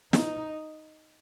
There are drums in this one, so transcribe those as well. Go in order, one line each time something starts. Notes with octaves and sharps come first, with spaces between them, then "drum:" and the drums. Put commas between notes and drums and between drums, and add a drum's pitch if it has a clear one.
D#4, drum: snare